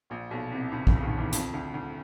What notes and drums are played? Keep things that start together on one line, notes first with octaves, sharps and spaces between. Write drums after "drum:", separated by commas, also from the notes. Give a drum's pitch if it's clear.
A#1 A#2
B1 B2
C2 C3
C#2 C#3
D2 D3, drum: kick
D#2 D#3
E2 E3
F2 F3, drum: hi-hat
D2 D3
D2 D3